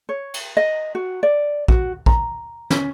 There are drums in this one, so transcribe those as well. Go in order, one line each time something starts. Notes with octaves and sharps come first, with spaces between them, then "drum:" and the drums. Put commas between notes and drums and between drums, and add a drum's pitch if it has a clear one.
C#5
drum: cymbal
D#5
F#4
D5
F#4, drum: kick
A#5, drum: kick
C#4, drum: snare